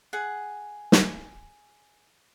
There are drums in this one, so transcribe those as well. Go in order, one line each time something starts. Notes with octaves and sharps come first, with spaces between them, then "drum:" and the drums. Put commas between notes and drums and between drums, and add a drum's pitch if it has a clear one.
G#4 F#5
drum: snare